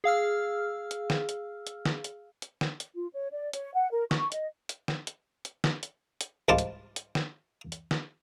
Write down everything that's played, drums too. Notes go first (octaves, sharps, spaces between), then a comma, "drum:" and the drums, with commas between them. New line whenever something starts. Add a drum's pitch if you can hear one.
G#4 F5 E6 F6
drum: hi-hat
drum: snare
drum: hi-hat
drum: hi-hat
drum: snare
drum: hi-hat
drum: hi-hat
drum: snare
drum: hi-hat
F4
C#5
D5
C#5, drum: hi-hat
F#5
A#4
C#6, drum: snare
D#5, drum: hi-hat
drum: hi-hat
drum: snare
drum: hi-hat
drum: hi-hat
drum: snare
drum: hi-hat
drum: hi-hat
C2 G#2 F4 A5 D6
drum: hi-hat
drum: hi-hat
drum: snare
drum: hi-hat
drum: snare